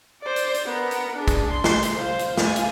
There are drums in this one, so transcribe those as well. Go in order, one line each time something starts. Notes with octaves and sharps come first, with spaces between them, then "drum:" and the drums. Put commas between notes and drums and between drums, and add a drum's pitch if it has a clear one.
C5 D5
drum: hi-hat
drum: hi-hat
B3 A#4
drum: hi-hat
D4 G#4
drum: kick, hi-hat
C6
drum: snare
drum: hi-hat
C5 F5
drum: hi-hat
F4 G#5, drum: snare
drum: hi-hat